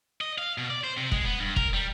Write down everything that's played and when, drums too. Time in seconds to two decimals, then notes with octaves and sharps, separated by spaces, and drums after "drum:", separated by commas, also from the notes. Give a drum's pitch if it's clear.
0.21 D#5
0.38 F5
0.58 B2
0.70 D5
0.84 C5
0.97 C3
1.12 G#3, drum: kick
1.24 B3
1.40 G2
1.56 A#4, drum: kick
1.74 G3